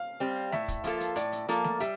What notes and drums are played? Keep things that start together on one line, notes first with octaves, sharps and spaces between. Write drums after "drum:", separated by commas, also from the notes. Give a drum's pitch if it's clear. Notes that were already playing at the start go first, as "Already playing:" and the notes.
Already playing: F5
G3 C4
A2 E5, drum: snare A3
drum: kick, hi-hat
F3 A#3 F4 A4, drum: hi-hat
drum: hi-hat
A2 D5, drum: hi-hat
drum: hi-hat
F3 A#3 F4 A4, drum: hi-hat
drum: snare A3
G3 E5, drum: hi-hat